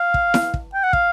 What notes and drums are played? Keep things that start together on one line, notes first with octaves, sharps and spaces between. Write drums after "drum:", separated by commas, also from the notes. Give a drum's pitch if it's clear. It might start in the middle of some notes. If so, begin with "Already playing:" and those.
Already playing: F5
drum: kick
drum: snare E4
drum: kick
G5
F#5
F5, drum: kick